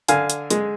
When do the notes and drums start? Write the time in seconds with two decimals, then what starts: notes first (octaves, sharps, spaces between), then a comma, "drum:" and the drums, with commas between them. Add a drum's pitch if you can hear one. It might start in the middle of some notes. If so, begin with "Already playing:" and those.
0.08 D3 F5 G#5, drum: hi-hat
0.30 drum: hi-hat
0.50 G#3, drum: hi-hat